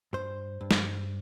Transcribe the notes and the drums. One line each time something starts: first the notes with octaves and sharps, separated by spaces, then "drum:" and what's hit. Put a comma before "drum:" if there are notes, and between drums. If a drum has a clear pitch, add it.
G2 C5
G2
drum: snare